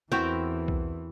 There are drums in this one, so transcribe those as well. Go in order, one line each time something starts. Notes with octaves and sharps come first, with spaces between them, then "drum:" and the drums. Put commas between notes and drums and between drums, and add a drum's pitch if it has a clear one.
E2 E3 C4 E4 F#4 A#4 G5
drum: kick B1